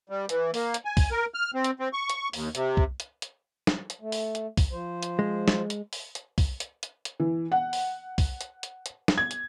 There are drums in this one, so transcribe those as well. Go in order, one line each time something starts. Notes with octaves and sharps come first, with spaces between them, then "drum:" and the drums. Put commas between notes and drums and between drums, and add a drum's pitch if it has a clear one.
G3
E3, drum: hi-hat
A#3, drum: open hi-hat
drum: hi-hat
G#5
drum: kick, open hi-hat
A#4
F6
C4
drum: hi-hat
C4
C#6
drum: hi-hat
D#2, drum: open hi-hat
C3, drum: hi-hat
drum: kick
drum: hi-hat
drum: hi-hat
drum: snare
drum: hi-hat
A3
drum: open hi-hat
drum: hi-hat
drum: kick, open hi-hat
F3 C5
drum: hi-hat
G#3
drum: snare
drum: hi-hat
drum: open hi-hat
drum: hi-hat
drum: kick, open hi-hat
drum: hi-hat
drum: hi-hat
drum: hi-hat
E3
F#5
drum: open hi-hat
drum: kick, open hi-hat
drum: hi-hat
drum: hi-hat
drum: hi-hat
drum: snare
G#6
drum: hi-hat